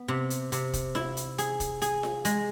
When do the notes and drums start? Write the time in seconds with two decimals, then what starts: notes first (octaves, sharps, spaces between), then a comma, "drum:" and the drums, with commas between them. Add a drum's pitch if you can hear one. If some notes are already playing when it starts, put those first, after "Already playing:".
Already playing: B3
0.08 C3
0.30 drum: hi-hat
0.52 C3, drum: hi-hat
0.73 drum: kick, hi-hat
0.95 E4, drum: snare F4
1.17 drum: hi-hat
1.38 G#4, drum: hi-hat
1.60 drum: kick, hi-hat
1.82 G#4, drum: hi-hat
2.03 drum: snare F4
2.25 G#3, drum: hi-hat